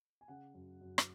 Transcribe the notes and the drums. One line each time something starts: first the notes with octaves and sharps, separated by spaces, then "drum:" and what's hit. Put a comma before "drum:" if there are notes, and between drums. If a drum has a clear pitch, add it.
G#5
C#3 F#5
F#2
F#2
drum: rim click